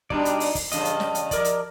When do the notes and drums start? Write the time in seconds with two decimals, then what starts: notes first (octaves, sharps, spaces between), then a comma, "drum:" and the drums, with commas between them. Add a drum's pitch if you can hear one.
0.10 B2 G3 D4 D#4 D5, drum: kick
0.25 drum: hi-hat
0.40 drum: open hi-hat
0.55 drum: kick, open hi-hat
0.72 E2 G2 C#3 D#5, drum: hi-hat
0.85 drum: hi-hat
1.00 drum: snare
1.15 drum: hi-hat
1.31 F3 A#4 D5, drum: kick, hi-hat
1.45 drum: hi-hat